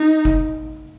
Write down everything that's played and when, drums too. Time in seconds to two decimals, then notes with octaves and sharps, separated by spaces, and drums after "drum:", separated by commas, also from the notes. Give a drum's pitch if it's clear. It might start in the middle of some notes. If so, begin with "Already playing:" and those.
Already playing: D#4
0.25 drum: kick F1